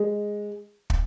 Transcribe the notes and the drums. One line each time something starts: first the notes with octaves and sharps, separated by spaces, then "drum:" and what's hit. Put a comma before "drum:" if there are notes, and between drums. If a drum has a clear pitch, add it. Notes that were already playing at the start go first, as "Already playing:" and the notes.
Already playing: G#3
drum: kick